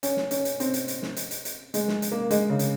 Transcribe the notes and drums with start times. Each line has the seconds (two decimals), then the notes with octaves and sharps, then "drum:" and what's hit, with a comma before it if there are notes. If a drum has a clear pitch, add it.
0.03 C#4, drum: hi-hat
0.17 drum: snare
0.31 C#4, drum: hi-hat
0.45 drum: hi-hat
0.60 C4, drum: hi-hat
0.74 drum: hi-hat
0.88 drum: hi-hat
1.02 drum: snare
1.16 drum: hi-hat
1.31 drum: hi-hat
1.45 drum: hi-hat
1.74 G#3, drum: hi-hat
1.88 drum: snare
2.02 drum: hi-hat
2.12 A#3
2.31 G#3, drum: hi-hat
2.49 C#3
2.59 drum: hi-hat